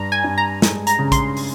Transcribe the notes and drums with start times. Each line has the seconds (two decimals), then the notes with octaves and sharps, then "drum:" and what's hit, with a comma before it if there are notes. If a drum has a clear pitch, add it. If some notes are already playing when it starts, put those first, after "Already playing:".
Already playing: G2 A#5
0.12 G#5
0.24 G2
0.38 A#5
0.62 G#3, drum: snare
0.87 A#5, drum: hi-hat
0.99 C#3
1.12 C6, drum: kick, hi-hat
1.37 drum: open hi-hat